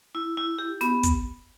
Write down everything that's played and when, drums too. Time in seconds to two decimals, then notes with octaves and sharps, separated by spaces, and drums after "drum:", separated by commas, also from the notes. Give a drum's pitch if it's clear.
0.15 E4
0.37 E4
0.59 G4
0.81 B3, drum: snare
1.03 drum: kick, hi-hat